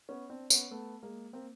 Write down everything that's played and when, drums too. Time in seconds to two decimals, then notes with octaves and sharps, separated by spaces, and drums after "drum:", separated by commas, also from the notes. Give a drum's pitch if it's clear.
0.09 B3 C#4
0.30 C4 D4
0.50 B3 C#4, drum: tambourine
0.71 A3 B3
1.03 G#3 A#3
1.33 A#3 C4